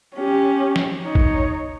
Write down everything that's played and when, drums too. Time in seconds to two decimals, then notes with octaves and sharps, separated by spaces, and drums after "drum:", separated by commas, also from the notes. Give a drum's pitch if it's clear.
0.16 C#4 G4
0.76 drum: snare
1.05 D#4 C#5
1.15 drum: kick A1